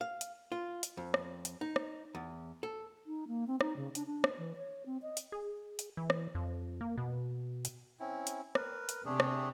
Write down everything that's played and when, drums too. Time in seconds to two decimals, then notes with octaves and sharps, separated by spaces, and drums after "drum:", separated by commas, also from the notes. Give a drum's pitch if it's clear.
0.01 F5
0.21 drum: hi-hat
0.52 F4
0.83 drum: hi-hat
0.97 F2
1.14 drum: rim click
1.45 drum: hi-hat
1.61 D#4
1.76 drum: rim click
2.15 E2
2.63 A4
3.06 D#4
3.28 A#3
3.47 C4
3.61 D#4, drum: rim click
3.76 C#3
3.95 D4, drum: hi-hat
4.06 D4
4.24 drum: rim click
4.38 E3
4.56 C#5
4.86 C4
5.02 D#5
5.17 drum: hi-hat
5.32 G#4
5.79 drum: hi-hat
5.97 E3
6.10 drum: rim click
6.35 F2
6.81 A#3
6.98 B2
7.65 drum: hi-hat
8.00 C4 C#4 E4
8.27 drum: hi-hat
8.55 A#4 B4, drum: rim click
8.89 drum: hi-hat
9.05 C3 A3 D4 G4 G#4
9.20 drum: rim click